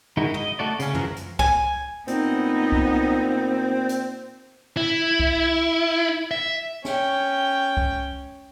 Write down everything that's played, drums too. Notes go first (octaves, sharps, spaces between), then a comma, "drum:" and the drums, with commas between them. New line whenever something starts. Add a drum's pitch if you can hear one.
D#3 G#3 D#4 E4 F#4
D#5, drum: tom
A3 F#4 D5
C#3 C#4, drum: hi-hat
E3 F3 F#4 A#4, drum: tom
drum: hi-hat
G#5, drum: kick C2
A#2 B3 C4 D#4, drum: hi-hat
drum: kick C2
drum: hi-hat
E4
drum: kick C2
E5
C#4 G5, drum: snare
drum: kick C2